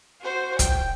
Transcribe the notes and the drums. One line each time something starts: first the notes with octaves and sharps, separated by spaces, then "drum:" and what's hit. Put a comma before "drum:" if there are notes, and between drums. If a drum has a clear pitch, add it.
F#4 C5
G5, drum: kick, hi-hat